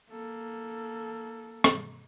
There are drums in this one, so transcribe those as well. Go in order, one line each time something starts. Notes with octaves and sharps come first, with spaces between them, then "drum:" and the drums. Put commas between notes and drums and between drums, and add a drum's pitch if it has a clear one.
A#3 A4
drum: rim click